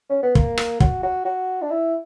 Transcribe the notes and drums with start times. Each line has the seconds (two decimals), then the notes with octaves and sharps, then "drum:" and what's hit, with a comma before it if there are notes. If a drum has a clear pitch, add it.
0.09 C#4
0.23 B3
0.35 A#3, drum: kick
0.58 drum: rim click
0.80 F#4, drum: kick
1.03 F#4
1.25 F#4
1.62 D4
1.71 E4